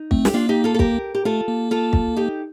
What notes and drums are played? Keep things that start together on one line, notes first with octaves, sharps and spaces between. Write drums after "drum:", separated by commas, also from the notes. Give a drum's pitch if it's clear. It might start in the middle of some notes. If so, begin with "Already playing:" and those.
Already playing: D#4
A3 C4, drum: kick
G4, drum: snare
A#3 D4 F4
D#4 G4
F4 A4
A4
G4 A#4, drum: kick
G4
A3 F4 A4
A#3
F4 A4
drum: kick
D#4 G4